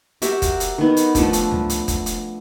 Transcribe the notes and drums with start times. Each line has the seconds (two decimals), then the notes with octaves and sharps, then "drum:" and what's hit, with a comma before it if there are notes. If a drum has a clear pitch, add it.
0.22 F#4 G4 A#4 E5, drum: hi-hat
0.42 drum: kick, hi-hat
0.60 drum: hi-hat
0.78 D#3 B3
0.97 drum: hi-hat
1.15 F3 A3 B3 D4, drum: kick, hi-hat
1.33 drum: hi-hat
1.51 drum: tom C#2
1.70 drum: hi-hat
1.88 drum: kick, hi-hat
2.06 drum: hi-hat